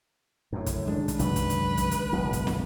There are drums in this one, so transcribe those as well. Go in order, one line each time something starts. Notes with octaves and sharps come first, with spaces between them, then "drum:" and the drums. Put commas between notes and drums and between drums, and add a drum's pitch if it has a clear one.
F#2 A2
drum: kick, hi-hat
D#3 G#3 D4
drum: kick, hi-hat
C2 F#2 F#3 B4, drum: hi-hat
drum: kick, hi-hat
drum: hi-hat
drum: kick, hi-hat
drum: hi-hat
F#1 B1 A2
drum: kick, hi-hat
drum: snare